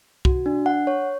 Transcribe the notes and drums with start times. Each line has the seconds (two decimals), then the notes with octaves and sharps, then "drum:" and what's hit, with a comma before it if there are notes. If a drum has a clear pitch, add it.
0.25 F#4, drum: kick
0.46 D4
0.66 F#5
0.87 C#5